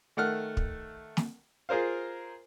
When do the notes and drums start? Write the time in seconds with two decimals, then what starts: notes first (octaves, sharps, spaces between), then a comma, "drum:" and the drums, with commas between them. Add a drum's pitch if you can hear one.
0.17 D#3 A3 F#5 F6
0.57 drum: kick
1.17 drum: snare
1.69 F4 G#4 A#4 C5 F5